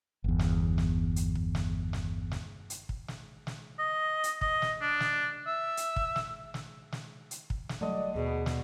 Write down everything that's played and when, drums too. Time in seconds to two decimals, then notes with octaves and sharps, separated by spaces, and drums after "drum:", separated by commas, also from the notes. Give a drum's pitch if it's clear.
0.24 G1 E2
0.39 drum: snare
0.78 drum: snare
1.16 drum: hi-hat
1.35 drum: kick
1.55 drum: snare
1.93 drum: snare
2.31 drum: snare
2.70 drum: hi-hat
2.89 drum: kick
3.08 drum: snare
3.47 drum: snare
3.79 D#5
4.24 drum: hi-hat
4.41 D#5, drum: kick
4.62 drum: snare
4.81 D4
5.00 drum: snare
5.47 E5
5.77 drum: hi-hat
5.96 drum: kick
6.16 drum: snare
6.54 drum: snare
6.92 drum: snare
7.31 drum: hi-hat
7.50 drum: kick
7.69 drum: snare
7.81 D3 F#3 G3 A3 D5 D#5
8.15 D#2 B2 G#4
8.46 drum: snare